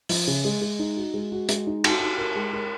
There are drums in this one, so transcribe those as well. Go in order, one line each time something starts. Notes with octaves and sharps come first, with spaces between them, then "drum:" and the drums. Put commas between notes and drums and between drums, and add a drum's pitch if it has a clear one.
F3, drum: open hi-hat
C#3
G#3
G#3
D#4
F#4
G#3
F#4
G#3, drum: hi-hat
D#4
F#4, drum: cymbal
F#4
A#4
G#3
A#4